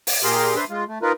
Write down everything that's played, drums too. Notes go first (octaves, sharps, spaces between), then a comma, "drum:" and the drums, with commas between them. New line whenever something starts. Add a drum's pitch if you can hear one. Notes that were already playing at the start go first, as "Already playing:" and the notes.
drum: open hi-hat
A#2 G4 G#4 A#4 C6
D4 B4 C5 E5 C6
G#3 F4
A3
D#4 F4 A#4 B4